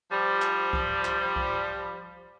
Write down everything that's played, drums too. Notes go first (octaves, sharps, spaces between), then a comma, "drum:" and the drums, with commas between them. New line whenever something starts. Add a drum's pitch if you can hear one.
F3 G3
drum: clap
drum: kick C2
drum: clap
drum: kick C2